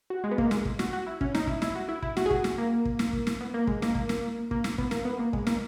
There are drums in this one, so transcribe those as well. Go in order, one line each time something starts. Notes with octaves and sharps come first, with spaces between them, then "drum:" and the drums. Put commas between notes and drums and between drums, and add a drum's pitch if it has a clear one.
F#4
G#3
B3
A#3, drum: kick
G#3, drum: snare
drum: kick
F#4, drum: snare
F#4
E4
C#4, drum: kick
D#4, drum: snare
E4, drum: kick
E4, drum: snare
F#4
E4
E4, drum: kick
F#4, drum: snare
G#4
F#4, drum: kick
drum: snare
A#3
drum: kick
drum: snare
drum: kick
drum: snare
B3
A#3
G#3, drum: kick
A#3, drum: snare
A#3, drum: kick
drum: snare
A#3, drum: kick
drum: snare
B3, drum: kick
A#3, drum: snare
B3
A#3
G#3, drum: kick
A#3, drum: snare